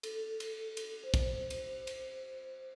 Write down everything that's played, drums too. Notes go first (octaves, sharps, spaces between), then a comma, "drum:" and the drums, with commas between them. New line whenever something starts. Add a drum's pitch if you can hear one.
A4, drum: cymbal
drum: cymbal
drum: cymbal
C5
drum: kick, cymbal
drum: cymbal
drum: cymbal